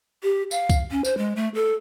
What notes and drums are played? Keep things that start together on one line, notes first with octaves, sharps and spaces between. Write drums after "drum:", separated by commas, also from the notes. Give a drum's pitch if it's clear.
G4
F5, drum: tambourine
drum: kick C2, tambourine
C#4
C5, drum: tambourine
G#3
A3
A4